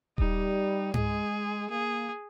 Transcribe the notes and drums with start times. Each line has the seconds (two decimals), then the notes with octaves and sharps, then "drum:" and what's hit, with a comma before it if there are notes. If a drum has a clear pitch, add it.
0.18 G3 D#4, drum: kick D#1
0.94 G#3 G#4, drum: tom G#2
1.70 A#3 G#4